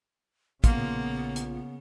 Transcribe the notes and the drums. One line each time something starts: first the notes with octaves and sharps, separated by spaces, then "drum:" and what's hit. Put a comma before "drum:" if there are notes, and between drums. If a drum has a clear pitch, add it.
A#1 C#3 A#3 B3 F4, drum: kick, hi-hat
drum: hi-hat